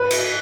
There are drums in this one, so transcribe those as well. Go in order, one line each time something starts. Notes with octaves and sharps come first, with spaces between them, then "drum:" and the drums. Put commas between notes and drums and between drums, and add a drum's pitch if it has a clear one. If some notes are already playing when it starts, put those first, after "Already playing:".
Already playing: B4
drum: cymbal